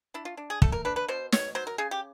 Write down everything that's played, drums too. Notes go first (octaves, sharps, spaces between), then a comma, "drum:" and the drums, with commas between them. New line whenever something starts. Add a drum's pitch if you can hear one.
D4 E4
F4
D4
G#4
A3 A4, drum: kick
A#4
D4 B4
B4
B2 C5
B2 C#5, drum: snare
F#3 C5
A#4
C#3 G#4
G4